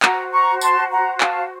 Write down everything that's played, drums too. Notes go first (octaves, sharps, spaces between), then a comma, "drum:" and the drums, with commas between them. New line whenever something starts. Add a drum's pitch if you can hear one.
F#4 C5 F#5 A#5, drum: clap
A#5 C#6
A5 C6, drum: tambourine
F#5 A#5
F5 A5, drum: clap